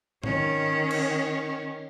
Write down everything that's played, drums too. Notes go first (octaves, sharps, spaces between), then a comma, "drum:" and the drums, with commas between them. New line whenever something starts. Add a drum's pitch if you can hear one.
D#3 C#4, drum: tom G#2
drum: cymbal